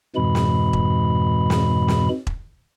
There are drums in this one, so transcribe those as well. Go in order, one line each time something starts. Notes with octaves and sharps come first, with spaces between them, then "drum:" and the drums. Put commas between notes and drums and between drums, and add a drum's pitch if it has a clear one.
F2 G#2 B2 E3 G#3 B5
drum: snare
drum: kick E1
drum: snare
drum: snare
drum: kick E1